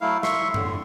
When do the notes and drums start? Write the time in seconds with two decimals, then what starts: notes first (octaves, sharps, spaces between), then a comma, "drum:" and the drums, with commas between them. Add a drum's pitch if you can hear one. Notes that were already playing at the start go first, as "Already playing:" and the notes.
0.01 F#3 A3 E4 F5
0.23 E5 C6 C#6, drum: snare
0.54 A2 D3, drum: tom F#2